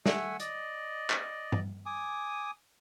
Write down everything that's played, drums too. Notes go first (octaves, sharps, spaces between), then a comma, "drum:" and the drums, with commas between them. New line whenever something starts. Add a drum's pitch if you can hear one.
A3 E5 F#5 G#5, drum: snare
D5 D#5, drum: hi-hat
drum: clap
drum: tom G2
G#5 D6 D#6